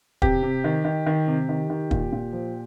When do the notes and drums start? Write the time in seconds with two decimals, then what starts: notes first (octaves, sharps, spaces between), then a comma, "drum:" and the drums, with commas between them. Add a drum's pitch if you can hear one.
0.22 C3 G4, drum: kick
0.43 C3
0.64 D#3
0.85 D#3
1.06 D#3
1.27 C3
1.49 D#3
1.70 D#3
1.91 A#2, drum: kick
2.12 A#2
2.33 F3